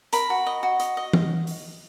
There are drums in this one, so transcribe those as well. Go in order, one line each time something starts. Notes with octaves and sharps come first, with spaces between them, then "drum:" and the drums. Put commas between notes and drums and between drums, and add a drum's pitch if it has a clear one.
A#4 B5, drum: hi-hat
F#4
D#5
F#4
D#5, drum: hi-hat
D#5
drum: tom E3
drum: open hi-hat